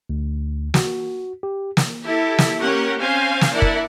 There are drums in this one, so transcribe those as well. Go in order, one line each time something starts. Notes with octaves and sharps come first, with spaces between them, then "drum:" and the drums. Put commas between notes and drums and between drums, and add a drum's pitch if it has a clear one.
D2
F#4, drum: snare
G4
drum: snare
E4 G4 A4
drum: snare
A#3 C#4 G4 A#4 C#5 F#5
C4 C#4 C5 F5 G#5
drum: snare
D4 E4 A#4 D5 F#5
drum: kick